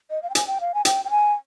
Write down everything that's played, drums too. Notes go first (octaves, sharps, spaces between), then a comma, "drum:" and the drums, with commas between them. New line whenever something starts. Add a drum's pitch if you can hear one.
D#5
F5
G5
G#5, drum: hi-hat
G5
F5
G#5
G5, drum: hi-hat
G5
G#5